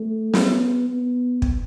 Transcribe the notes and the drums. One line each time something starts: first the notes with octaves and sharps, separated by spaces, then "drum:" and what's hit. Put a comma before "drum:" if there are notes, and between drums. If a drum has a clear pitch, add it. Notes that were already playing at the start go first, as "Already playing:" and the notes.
Already playing: A3
B3, drum: snare
B3
drum: kick